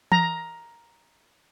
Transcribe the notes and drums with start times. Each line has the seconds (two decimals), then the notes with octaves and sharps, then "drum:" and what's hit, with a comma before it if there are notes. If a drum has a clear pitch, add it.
0.12 A#5, drum: tom E3